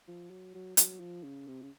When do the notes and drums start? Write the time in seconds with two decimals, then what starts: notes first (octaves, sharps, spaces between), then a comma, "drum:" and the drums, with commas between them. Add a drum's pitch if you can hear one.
0.08 F3
0.30 F#3
0.55 F#3
0.77 F#3, drum: hi-hat
1.00 F3
1.24 C#3
1.48 C3
1.62 C#3